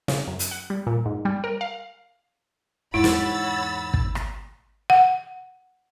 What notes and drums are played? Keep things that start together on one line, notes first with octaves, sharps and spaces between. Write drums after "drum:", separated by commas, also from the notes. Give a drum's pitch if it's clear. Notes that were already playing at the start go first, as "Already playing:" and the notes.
C#3, drum: snare
F#2
drum: hi-hat
F#5
G3
A#2
G#2
G3
A#4
F5
E2 G#2 E4 C#5 F#5 B5 E6 A6
drum: snare
drum: kick
drum: rim click
F#5